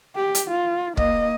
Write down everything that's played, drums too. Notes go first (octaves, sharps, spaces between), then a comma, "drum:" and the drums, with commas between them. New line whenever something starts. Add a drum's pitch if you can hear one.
G4
drum: hi-hat
F4
A#3 D#5, drum: kick